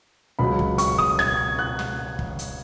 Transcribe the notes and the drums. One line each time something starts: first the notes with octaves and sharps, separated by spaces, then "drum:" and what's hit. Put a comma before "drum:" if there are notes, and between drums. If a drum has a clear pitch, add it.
C#2 C#3 F#3 B5
drum: kick
C#6, drum: hi-hat
D#6, drum: kick
G#6, drum: snare
F#6
drum: snare
drum: kick
drum: hi-hat